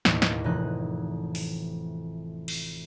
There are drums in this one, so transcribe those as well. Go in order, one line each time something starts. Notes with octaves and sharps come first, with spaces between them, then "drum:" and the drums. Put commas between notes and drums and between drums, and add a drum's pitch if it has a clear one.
E1 D#2 A2, drum: snare
drum: snare
F1 E3 D#4 F#6
drum: open hi-hat
drum: cymbal